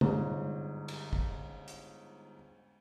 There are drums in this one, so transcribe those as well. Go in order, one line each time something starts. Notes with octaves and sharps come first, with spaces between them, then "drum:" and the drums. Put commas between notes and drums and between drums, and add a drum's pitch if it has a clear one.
G1 G#2, drum: tom
drum: cymbal
drum: kick
drum: hi-hat